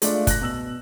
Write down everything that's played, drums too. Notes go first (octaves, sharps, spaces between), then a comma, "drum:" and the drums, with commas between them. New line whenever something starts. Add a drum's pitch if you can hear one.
G#3 A3 D4 F4 D5 F5, drum: hi-hat
F#6 A#6, drum: kick, hi-hat
B2 E6 F#7